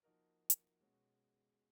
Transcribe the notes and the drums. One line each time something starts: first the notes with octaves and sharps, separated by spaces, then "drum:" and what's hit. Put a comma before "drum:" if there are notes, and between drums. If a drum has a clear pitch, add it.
F3 A#3 D#4 F#4 A#4
drum: hi-hat
B2 G#3 C#4 F#4